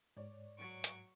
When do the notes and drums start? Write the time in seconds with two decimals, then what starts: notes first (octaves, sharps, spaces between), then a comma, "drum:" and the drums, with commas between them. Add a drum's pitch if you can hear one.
0.17 G#2 C#5 D5
0.58 F#3 C#6 D7
0.84 drum: hi-hat